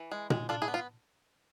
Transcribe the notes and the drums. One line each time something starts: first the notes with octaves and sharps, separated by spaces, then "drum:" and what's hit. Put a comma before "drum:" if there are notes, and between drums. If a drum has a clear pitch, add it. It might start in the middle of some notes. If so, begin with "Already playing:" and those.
Already playing: E3
G#3
G#3, drum: tom A#2
D4 F4 A4
E4 G#4
B3
F4